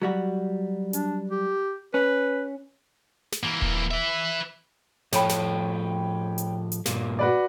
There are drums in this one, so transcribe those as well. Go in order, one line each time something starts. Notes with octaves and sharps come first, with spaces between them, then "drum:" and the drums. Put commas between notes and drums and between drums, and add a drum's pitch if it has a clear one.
F#3 G3 F#4
D4, drum: hi-hat
G4
C#4 B4
drum: snare
E3 A#3
drum: kick D#1
B4 E5
A2 F3 A4 C#5 G5 B5, drum: snare
drum: snare
drum: hi-hat
drum: hi-hat
G2 A#2 A#3, drum: snare
F#4 B4 D5